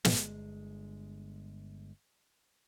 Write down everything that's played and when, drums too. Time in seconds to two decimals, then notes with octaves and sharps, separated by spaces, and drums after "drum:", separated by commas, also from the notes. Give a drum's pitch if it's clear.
0.05 G1 C#2 G#3, drum: snare